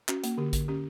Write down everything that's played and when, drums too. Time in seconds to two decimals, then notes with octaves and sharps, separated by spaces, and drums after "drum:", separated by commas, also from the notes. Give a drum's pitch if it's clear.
0.08 C#4 F#4, drum: clap
0.24 A#3, drum: hi-hat
0.38 D3 G4
0.53 D3, drum: kick A1, hi-hat
0.68 C#4 G4